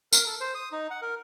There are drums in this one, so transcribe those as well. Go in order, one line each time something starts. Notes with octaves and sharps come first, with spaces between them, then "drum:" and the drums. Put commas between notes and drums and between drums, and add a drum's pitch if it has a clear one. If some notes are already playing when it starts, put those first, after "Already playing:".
A#4, drum: tambourine
A4
C5
D#6
D#4
F#5
A#4